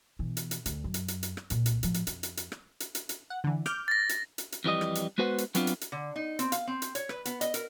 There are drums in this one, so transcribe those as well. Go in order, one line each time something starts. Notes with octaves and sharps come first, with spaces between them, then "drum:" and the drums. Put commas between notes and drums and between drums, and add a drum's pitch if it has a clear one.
B2 E3
drum: hi-hat
drum: hi-hat
D2, drum: hi-hat
F#2
drum: hi-hat
drum: hi-hat
drum: hi-hat
drum: rim click
C2 A#2, drum: hi-hat
drum: hi-hat
A2 F3, drum: hi-hat
drum: hi-hat
F2, drum: hi-hat
drum: hi-hat
drum: hi-hat
drum: rim click
drum: hi-hat
drum: hi-hat
drum: hi-hat
F#5
D3 E3
D6 F6 G6, drum: rim click
A6 A#6
drum: hi-hat
drum: hi-hat
drum: hi-hat
F2 E3 G3 D#5
drum: rim click
drum: hi-hat
G#3 B3 F#4 B4 C5 F#5
drum: hi-hat
F#3 B3 C4 D4 F4, drum: hi-hat
drum: hi-hat
drum: hi-hat
D3
D#4
C4, drum: hi-hat
F5, drum: hi-hat
C4
drum: hi-hat
C#5, drum: hi-hat
B4, drum: rim click
B3, drum: hi-hat
D#5, drum: hi-hat
A#4, drum: hi-hat